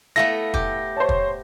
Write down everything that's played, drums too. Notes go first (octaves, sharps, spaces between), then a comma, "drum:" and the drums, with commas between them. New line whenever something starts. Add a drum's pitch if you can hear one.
A3 B3 E4 A4 F5 A#6
G4, drum: kick
C5 C#5 A5
drum: kick